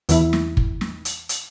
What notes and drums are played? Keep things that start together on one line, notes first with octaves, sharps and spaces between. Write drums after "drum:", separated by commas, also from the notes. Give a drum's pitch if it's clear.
E2 E3 E4, drum: hi-hat
drum: snare
drum: kick
drum: snare
drum: hi-hat
drum: hi-hat